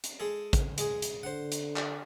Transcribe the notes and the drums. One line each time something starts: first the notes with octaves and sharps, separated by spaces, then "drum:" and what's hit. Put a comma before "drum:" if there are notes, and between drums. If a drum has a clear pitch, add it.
drum: hi-hat
G#3 G#4 A4
drum: kick, hi-hat
G#3 G#4, drum: hi-hat
drum: hi-hat
D3 C5 F#5
drum: hi-hat
drum: clap